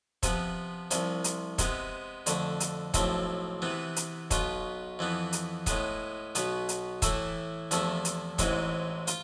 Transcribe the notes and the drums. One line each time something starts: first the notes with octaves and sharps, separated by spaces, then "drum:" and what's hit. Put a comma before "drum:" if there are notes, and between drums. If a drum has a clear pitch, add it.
C3 F3 B3, drum: kick, hi-hat
C2 C3 F3, drum: hi-hat
drum: hi-hat
C3 G#3 B3, drum: kick, hi-hat
F2 D3 A3, drum: hi-hat
drum: hi-hat
B1 A2 F3 A3 C4, drum: kick, hi-hat
C3 E3 B3
drum: hi-hat
B1 B2 B3 F4, drum: kick, hi-hat
F2 E3 B3
drum: hi-hat
A2 G#3 B3, drum: kick, hi-hat
B1 B2 B3, drum: hi-hat
drum: hi-hat
A2 E3 A3 E4, drum: kick, hi-hat
E2 C3 F3 A3 E4, drum: hi-hat
drum: hi-hat
A1 G#2 E3 G#3 C4, drum: kick, hi-hat
F4, drum: hi-hat